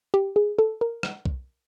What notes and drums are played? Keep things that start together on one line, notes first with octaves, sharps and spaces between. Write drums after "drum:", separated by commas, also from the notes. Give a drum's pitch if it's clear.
G4
G#4
A4
A#4
drum: rim click
drum: kick